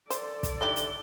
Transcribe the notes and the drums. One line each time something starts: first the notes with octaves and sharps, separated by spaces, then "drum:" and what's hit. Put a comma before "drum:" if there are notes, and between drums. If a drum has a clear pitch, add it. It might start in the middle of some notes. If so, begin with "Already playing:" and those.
A4 C5 D5, drum: hi-hat
drum: kick, hi-hat
D3 D#4 E4 G4 G7
drum: hi-hat